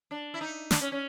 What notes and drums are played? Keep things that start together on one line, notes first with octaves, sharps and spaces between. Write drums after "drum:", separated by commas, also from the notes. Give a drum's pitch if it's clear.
D4
E4
D#4
D4, drum: snare
C#4
C#4